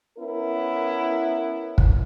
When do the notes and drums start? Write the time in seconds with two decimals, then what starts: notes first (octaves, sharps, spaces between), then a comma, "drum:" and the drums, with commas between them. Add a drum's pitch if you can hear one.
0.17 B3 C#4 E4 A#4
1.78 drum: kick